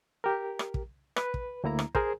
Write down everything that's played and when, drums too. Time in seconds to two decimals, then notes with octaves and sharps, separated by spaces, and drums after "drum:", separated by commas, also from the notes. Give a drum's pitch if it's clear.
0.24 G4 A#4
0.59 drum: rim click
0.74 drum: kick
1.16 B4, drum: rim click
1.34 drum: kick
1.64 D2 A#3 E4 A#5
1.79 drum: rim click
1.95 G#4 A#4 C5, drum: kick